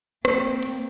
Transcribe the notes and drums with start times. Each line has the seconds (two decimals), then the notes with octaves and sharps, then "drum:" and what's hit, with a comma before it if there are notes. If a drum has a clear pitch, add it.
0.25 A#3 C4, drum: rim click
0.63 drum: hi-hat